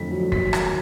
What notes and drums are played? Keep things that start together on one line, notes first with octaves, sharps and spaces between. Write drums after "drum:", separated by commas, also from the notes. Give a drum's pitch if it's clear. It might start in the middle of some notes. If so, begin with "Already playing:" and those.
Already playing: F2 D3 E3 A3 B6
F#3
D#2 B6, drum: kick
D#3, drum: rim click